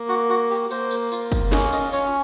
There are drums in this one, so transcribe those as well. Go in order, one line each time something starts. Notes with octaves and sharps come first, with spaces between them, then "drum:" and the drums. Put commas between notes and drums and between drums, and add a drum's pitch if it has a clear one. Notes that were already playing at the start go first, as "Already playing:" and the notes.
Already playing: A#3
F#4
F#4
G4
A#3 C5, drum: tambourine
drum: tambourine
F4, drum: tambourine
drum: kick, tambourine
C#4 D#5, drum: snare
D#5, drum: tambourine
C#4 C#5, drum: tambourine